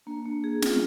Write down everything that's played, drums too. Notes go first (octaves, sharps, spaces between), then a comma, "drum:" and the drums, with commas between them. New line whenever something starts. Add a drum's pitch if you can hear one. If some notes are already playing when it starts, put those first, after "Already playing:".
A#3 D4
A#3
G#4
B3 F4, drum: snare